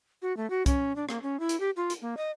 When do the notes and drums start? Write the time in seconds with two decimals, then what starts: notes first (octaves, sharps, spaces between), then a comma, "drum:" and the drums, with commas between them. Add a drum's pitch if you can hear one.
0.22 F#4
0.37 A3
0.50 F#4
0.66 C#4, drum: kick C2, hi-hat
0.96 D4
1.09 A#3, drum: rim click
1.23 C#4
1.40 E4
1.49 drum: hi-hat
1.60 G4
1.77 F4
1.90 drum: hi-hat
2.02 A#3
2.17 D#5